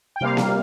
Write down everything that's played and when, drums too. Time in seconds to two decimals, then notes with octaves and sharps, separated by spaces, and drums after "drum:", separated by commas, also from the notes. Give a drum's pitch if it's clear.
0.16 G5
0.21 C3 G3 A#3 F5
0.37 drum: snare A#3